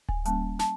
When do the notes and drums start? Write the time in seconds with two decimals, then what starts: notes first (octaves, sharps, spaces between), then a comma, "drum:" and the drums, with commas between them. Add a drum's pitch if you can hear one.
0.09 G#5, drum: kick D1
0.25 G3 A#3 C#4 A5, drum: hi-hat
0.59 A5, drum: snare